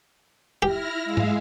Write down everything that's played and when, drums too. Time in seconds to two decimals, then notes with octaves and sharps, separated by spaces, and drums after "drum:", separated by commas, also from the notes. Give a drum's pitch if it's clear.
0.62 E4 G4 F6 A#6
1.05 G#3 E5 F5
1.17 drum: tom G#2